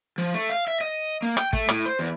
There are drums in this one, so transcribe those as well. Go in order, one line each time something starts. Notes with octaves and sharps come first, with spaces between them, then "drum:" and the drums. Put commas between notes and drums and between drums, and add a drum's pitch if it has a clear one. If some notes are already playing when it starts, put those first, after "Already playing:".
F3
A3
F5
E5
D#5
A#3
G5, drum: rim click
A3, drum: kick
A2, drum: rim click
C5
E2